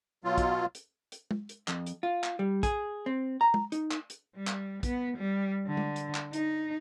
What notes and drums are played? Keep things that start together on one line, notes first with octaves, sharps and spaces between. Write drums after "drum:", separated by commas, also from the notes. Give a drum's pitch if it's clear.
B2 F#3 F4
drum: kick, hi-hat
drum: hi-hat
drum: hi-hat
drum: tom G#3
drum: hi-hat
F2, drum: clap
drum: hi-hat
F4
drum: clap
G3
G#4, drum: kick, hi-hat
C4
A#5
drum: tom G#3
D#4, drum: hi-hat
drum: clap
drum: hi-hat
G3
drum: clap
B3, drum: kick, hi-hat
G3
D3
drum: tom G#3
drum: hi-hat
drum: clap
D#4, drum: hi-hat